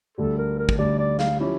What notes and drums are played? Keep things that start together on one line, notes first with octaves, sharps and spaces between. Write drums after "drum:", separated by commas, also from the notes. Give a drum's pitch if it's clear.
D2 D3 G3 A4
A#4
A#4
drum: kick
D2 D3 G3 D5
D5
F5, drum: snare
F3 C#4 E4 G4